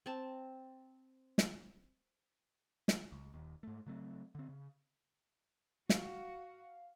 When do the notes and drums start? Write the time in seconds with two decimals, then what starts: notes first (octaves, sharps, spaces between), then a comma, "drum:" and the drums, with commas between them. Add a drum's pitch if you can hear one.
0.06 C4 A5
1.38 drum: snare
2.88 drum: snare
3.12 C#2
3.34 D#1 D#2
3.63 G#2 A3
3.86 C#3 F#3 A3 C4
4.35 D3 C4
4.49 C#3
5.89 F#4 F5, drum: snare